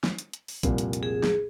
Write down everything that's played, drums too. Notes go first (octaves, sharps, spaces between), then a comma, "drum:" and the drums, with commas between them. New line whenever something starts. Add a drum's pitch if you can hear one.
drum: snare
drum: hi-hat
drum: hi-hat
drum: open hi-hat
F1 C2 A#2, drum: kick, hi-hat
drum: hi-hat
drum: hi-hat
G#4
drum: snare